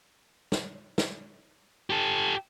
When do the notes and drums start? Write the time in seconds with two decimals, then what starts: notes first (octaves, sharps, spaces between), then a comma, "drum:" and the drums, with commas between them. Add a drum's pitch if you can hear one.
0.52 drum: snare
0.98 drum: snare
1.90 G4 A4